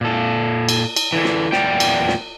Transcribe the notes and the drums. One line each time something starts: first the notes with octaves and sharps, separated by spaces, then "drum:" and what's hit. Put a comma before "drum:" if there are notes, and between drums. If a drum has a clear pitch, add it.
A#2 A4
drum: cymbal
drum: cymbal
D3 E3
drum: snare
E2 A#2 F#3 D5 G5, drum: snare
drum: cymbal
drum: snare